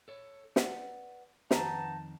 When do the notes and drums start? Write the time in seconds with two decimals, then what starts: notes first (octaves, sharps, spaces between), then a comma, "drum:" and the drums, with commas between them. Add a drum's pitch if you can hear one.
0.08 A4 C#5
0.56 B4 D5 F#5, drum: snare
1.51 F2 D#3 B3 D#4 A5 A#5, drum: snare